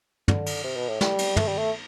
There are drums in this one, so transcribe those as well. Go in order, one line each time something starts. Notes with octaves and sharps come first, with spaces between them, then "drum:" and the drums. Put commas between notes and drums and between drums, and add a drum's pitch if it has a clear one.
D3, drum: tom
drum: cymbal
C3
B2
A2
G3, drum: snare
drum: cymbal
A3, drum: tom
G3
A3